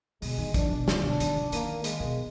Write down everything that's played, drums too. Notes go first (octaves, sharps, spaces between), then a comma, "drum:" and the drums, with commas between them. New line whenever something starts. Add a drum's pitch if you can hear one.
B2 G#3, drum: open hi-hat
D#3
F3 D4, drum: kick, hi-hat
B2
D3, drum: snare
B2
D#3, drum: hi-hat
F3
D#3 A#3, drum: hi-hat
G#3, drum: hi-hat
B2